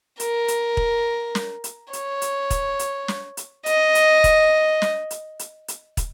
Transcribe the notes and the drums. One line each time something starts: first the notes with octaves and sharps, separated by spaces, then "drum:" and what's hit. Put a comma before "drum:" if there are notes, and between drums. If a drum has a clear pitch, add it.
A#4, drum: hi-hat
drum: hi-hat
drum: kick
drum: snare
drum: hi-hat
C#5, drum: hi-hat
drum: hi-hat
drum: kick, hi-hat
drum: hi-hat
drum: snare
drum: hi-hat
D#5, drum: hi-hat
drum: hi-hat
drum: kick, hi-hat
drum: snare
drum: hi-hat
drum: hi-hat
drum: hi-hat
drum: kick, hi-hat